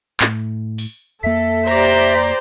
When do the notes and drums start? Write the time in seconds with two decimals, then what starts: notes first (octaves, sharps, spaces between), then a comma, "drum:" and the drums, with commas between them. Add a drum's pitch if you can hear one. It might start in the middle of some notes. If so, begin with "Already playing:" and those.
0.21 A2, drum: clap
0.78 drum: open hi-hat
1.23 F2 A#3 A4 E5
1.67 G4 C5 D5 A#5, drum: hi-hat